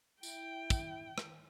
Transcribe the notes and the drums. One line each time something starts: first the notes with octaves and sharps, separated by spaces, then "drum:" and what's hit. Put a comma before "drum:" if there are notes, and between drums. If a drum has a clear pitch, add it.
E4 G5, drum: tambourine
drum: kick, tambourine
drum: rim click